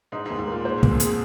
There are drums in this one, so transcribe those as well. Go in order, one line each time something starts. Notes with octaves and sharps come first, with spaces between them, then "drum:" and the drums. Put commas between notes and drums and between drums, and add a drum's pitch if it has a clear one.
G#2 D#4
G#2
D#2
G#2
A#2 A#3
G#2 C5
G#2
A#2, drum: kick
F2
G#4, drum: hi-hat